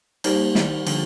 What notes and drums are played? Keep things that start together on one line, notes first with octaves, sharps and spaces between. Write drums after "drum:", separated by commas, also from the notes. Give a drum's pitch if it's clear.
G3 A#3 D#4 G4 C5, drum: cymbal
D#3 G3, drum: snare
D3 F3, drum: cymbal